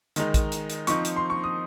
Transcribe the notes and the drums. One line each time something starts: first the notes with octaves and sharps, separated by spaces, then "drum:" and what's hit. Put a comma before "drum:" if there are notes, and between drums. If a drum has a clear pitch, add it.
D#3 G#3 D#4, drum: hi-hat
drum: kick A#1, hi-hat
drum: hi-hat
drum: hi-hat
F3 C4 D#4 C#6, drum: hi-hat
drum: hi-hat
C6
C#6
D#6